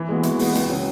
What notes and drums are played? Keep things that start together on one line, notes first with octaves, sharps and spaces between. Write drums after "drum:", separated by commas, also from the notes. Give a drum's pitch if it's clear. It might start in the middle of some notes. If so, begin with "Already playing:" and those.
Already playing: E3
G#3 B3 F#4
E3, drum: hi-hat
G#3 B3 F#4, drum: open hi-hat
C#2, drum: hi-hat
C#3 F#3